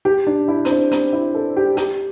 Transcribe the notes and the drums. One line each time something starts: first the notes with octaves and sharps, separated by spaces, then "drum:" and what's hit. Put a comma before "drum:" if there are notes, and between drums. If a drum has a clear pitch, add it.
G4
D4
E4
C4, drum: hi-hat
D4
C4, drum: hi-hat
E4
A4
G4
G4, drum: hi-hat